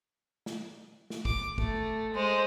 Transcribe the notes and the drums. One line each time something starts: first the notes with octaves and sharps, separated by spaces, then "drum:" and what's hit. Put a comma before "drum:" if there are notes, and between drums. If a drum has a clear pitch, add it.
drum: snare
drum: snare
D6, drum: kick
A3, drum: kick
G#3 C5